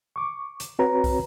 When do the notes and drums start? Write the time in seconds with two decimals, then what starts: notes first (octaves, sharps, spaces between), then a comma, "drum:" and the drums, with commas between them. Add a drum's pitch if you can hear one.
0.16 C#6 D6
0.60 drum: hi-hat
0.79 C4 F#4 B4 C#5 A#5
1.04 drum: kick, open hi-hat